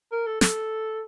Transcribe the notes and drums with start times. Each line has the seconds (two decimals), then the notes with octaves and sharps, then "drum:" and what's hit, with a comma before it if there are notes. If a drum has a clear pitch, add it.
0.12 A#4
0.26 A4
0.41 A4, drum: snare